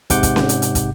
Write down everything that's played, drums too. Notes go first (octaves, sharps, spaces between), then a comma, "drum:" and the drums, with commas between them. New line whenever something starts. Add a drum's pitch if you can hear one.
G#2 C3 F#5 D6 G6, drum: kick, hi-hat
drum: kick, hi-hat
drum: snare C#4
drum: hi-hat
drum: hi-hat
drum: kick, hi-hat